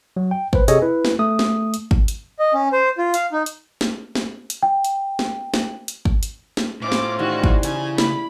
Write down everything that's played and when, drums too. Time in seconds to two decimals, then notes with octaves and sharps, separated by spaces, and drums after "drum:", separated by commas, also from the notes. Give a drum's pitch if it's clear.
0.17 F#3
0.31 G5
0.53 B4 C5, drum: kick
0.68 C3 G#4 A4 C#5 D#5, drum: hi-hat
0.82 E4 B4
1.05 drum: snare
1.19 A3 D#6
1.39 drum: snare
1.74 drum: hi-hat
1.91 drum: kick
2.08 drum: hi-hat
2.39 D#5
2.54 C#4
2.72 C5
2.98 F4
3.14 F5, drum: hi-hat
3.32 D#4
3.46 drum: hi-hat
3.81 drum: snare
4.15 drum: snare
4.50 drum: hi-hat
4.63 G5
4.85 drum: hi-hat
5.19 drum: snare
5.54 drum: snare
5.88 drum: hi-hat
6.05 drum: kick
6.23 drum: hi-hat
6.57 drum: snare
6.82 A2 C#4 F4 C5 D6
6.92 drum: snare
7.19 D#3 E3 G3 F#4
7.44 drum: kick
7.63 C#3 E4 G#5 B5 C#6, drum: hi-hat
7.98 E4 B5 D6, drum: snare